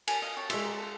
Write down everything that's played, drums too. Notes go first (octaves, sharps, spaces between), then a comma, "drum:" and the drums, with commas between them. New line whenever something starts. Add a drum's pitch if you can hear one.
G#5 A5 B5, drum: cymbal
D#5 F5
C#5 G5 A5
G#3 F4 E5, drum: cymbal
G4 A#5
A4 C5